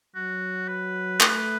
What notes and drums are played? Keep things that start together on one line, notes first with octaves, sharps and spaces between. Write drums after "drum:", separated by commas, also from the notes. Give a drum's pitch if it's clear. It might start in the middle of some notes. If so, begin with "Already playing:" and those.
F#3 F#4
B4
A3, drum: clap